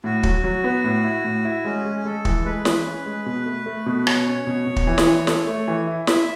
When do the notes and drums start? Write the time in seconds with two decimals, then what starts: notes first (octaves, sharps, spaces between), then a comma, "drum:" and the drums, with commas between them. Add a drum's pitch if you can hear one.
0.04 A2 F#4
0.23 F#3, drum: kick
0.44 F#3
0.64 B3
0.84 A2
1.04 E4
1.24 A2
1.45 E4
1.65 G#3 C#4
1.85 G#3
2.05 G#3 A4
2.25 E3, drum: kick
2.45 G#3 B4
2.65 E3, drum: snare
2.86 C#4
3.06 G#3
3.26 B2
3.46 A3
3.66 A3
3.86 B2
4.07 B2 C#5, drum: rim click
4.27 C#4
4.47 B2
4.67 B2
4.76 drum: kick
4.87 E3
4.98 drum: snare
5.07 E3
5.27 A4, drum: snare
5.47 A3
5.68 E3
5.87 E4
6.07 E4 E5, drum: snare